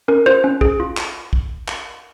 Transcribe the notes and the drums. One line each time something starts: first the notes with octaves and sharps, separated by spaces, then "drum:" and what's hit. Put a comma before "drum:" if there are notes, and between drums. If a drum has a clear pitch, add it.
C#4 A#4
F4 C5
C#4
G#4, drum: kick
F4
drum: clap
drum: kick
drum: clap